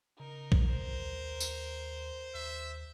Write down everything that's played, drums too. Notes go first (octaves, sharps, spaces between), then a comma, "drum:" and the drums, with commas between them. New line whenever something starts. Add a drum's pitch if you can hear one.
C#3 D#4 A#4
drum: kick A#1
D#2 C5
drum: tambourine
D#2 E5